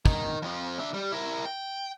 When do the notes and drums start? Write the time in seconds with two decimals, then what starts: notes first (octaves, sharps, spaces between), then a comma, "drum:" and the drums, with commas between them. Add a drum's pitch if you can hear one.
0.05 D#3, drum: kick
0.42 F2 F3
0.79 D4 E5
0.94 G3
1.12 E4 A#4
1.45 G5